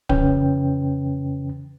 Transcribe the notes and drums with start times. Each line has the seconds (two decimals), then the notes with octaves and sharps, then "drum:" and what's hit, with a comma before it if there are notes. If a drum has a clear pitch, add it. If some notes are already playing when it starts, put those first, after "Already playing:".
0.09 F2 C#3 E3 C#4 B4 G5, drum: kick D1